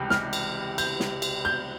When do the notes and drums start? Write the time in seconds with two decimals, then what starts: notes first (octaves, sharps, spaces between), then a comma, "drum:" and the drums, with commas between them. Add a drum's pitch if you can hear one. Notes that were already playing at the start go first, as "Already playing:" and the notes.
Already playing: C#2 C3 E3 G3
0.10 F6, drum: snare
0.33 drum: cymbal
0.78 G6, drum: cymbal
1.00 drum: snare
1.22 drum: cymbal
1.45 G6